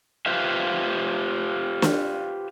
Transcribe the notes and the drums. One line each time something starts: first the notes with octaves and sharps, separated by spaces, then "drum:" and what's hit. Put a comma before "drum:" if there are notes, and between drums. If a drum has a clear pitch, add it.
F4 G4 B4 C5 E5 F5
drum: snare